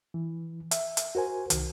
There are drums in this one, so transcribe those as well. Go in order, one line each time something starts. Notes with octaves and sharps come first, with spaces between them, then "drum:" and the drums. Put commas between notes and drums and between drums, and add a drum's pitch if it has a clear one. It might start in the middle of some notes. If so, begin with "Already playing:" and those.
E3
E5, drum: hi-hat
drum: hi-hat
F#4 A#4 C5 G#5
C2 D#3, drum: hi-hat